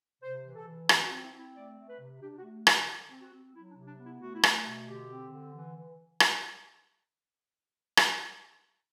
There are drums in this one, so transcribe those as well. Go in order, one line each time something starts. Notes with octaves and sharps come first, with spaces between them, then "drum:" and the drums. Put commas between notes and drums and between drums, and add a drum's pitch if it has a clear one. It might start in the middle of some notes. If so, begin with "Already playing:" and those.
C3 C5
E3
A4
E3
C4 G4, drum: rim click
F#4
C4
E4
C4 E4
A3 D5
A3
B4
C3
D4 G4
F#4
A3
D3, drum: rim click
G4
D3 G4
C4
F#4
C4
F#3 E4
D4
C3
D4
B3
E4
A3 F#4
E4
A3 F#4, drum: rim click
B2
D3 G4
C4
D3
E3
E3
drum: rim click
drum: rim click